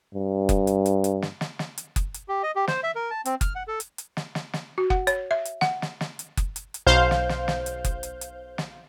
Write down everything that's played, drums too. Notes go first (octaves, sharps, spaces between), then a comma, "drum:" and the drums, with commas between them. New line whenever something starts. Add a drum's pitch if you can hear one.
G2
drum: kick F#1, hi-hat
drum: hi-hat
drum: hi-hat
drum: hi-hat
drum: snare
drum: snare
drum: snare
drum: hi-hat
drum: kick F#1, hi-hat
drum: hi-hat
G4
D#5
G4
C5, drum: snare
E5
A#4
A5
C4, drum: hi-hat
F6, drum: kick F#1, hi-hat
F#5
A4
drum: hi-hat
drum: hi-hat
drum: snare
drum: snare
drum: snare
F#4
F#5, drum: kick F#1
C#5, drum: hi-hat
E5
drum: hi-hat
F#5, drum: snare
drum: snare
drum: snare
drum: hi-hat
drum: kick F#1, hi-hat
drum: hi-hat
drum: hi-hat
B1 C5 F5 G6
drum: snare
drum: snare
drum: snare
drum: hi-hat
drum: kick F#1, hi-hat
drum: hi-hat
drum: hi-hat
drum: snare